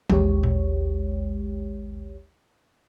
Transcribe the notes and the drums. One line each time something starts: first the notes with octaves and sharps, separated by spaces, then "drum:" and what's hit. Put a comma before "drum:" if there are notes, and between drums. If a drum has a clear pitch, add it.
A1 D#2 G#3 G4 C#5, drum: tom
drum: tom A#2